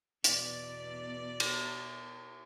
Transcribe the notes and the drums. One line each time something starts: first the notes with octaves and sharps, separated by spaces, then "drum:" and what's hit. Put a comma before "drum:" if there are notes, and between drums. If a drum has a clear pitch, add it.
E2 B2 D5, drum: hi-hat
drum: cymbal